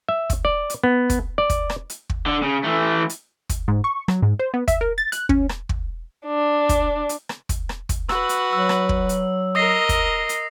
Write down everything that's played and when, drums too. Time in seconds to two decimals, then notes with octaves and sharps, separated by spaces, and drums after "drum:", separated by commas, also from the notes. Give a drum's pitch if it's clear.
0.09 E5
0.30 drum: kick, hi-hat
0.45 D5
0.70 drum: hi-hat
0.84 B3
1.10 drum: kick, hi-hat
1.38 D5
1.50 drum: kick, hi-hat
1.70 drum: rim click
1.90 drum: hi-hat
2.10 drum: kick
2.26 D3
2.43 C#3
2.64 E3 A3
3.09 drum: hi-hat
3.49 drum: kick, hi-hat
3.68 G#2
3.84 C#6
4.08 F#3, drum: rim click
4.22 G#2
4.39 C5
4.54 B3
4.68 E5, drum: kick, hi-hat
4.81 A#4
4.98 A6
5.12 F#6, drum: hi-hat
5.29 C#4, drum: kick
5.49 drum: rim click
5.69 drum: kick
6.26 D4
6.69 drum: kick, hi-hat
7.09 drum: hi-hat
7.29 drum: rim click
7.49 drum: kick, hi-hat
7.69 drum: rim click
7.89 drum: kick, hi-hat
8.09 F#4 B4 E6, drum: rim click
8.29 drum: hi-hat
8.53 F#3 E6
8.69 drum: rim click
8.89 drum: kick
9.09 drum: hi-hat
9.55 A#4 D#5 D#6 A#6 C7
9.89 drum: kick, hi-hat
10.29 drum: hi-hat